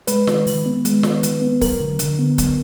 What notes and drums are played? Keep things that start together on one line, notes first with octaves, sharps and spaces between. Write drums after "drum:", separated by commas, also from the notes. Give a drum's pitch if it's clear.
G#3 B4, drum: hi-hat
D#3, drum: snare
D#3, drum: open hi-hat
B3
G#3, drum: hi-hat
D#3, drum: snare
D#3, drum: hi-hat
B3
F#3 A#4, drum: kick, open hi-hat
D3
D3, drum: hi-hat
B3
F#3, drum: kick, hi-hat